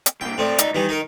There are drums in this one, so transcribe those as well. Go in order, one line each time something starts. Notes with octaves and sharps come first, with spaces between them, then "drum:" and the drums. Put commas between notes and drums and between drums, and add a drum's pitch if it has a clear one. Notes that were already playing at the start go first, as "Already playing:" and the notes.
drum: hi-hat
C2 A#3 G5
C#2 A2 C4 D5
D#4, drum: hi-hat
D#3 E3 G3
D#4 A#4